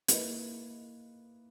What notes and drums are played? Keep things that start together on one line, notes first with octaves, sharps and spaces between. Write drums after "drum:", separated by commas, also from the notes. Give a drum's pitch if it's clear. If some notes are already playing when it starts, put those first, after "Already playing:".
A#3 E4 B4 D#5, drum: hi-hat